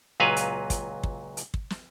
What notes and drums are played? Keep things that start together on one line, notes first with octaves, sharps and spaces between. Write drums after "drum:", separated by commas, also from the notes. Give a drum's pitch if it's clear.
C#2 A#2 F#3 B4 F5 G#5
drum: hi-hat
drum: kick, hi-hat
drum: kick
drum: hi-hat
drum: kick
drum: snare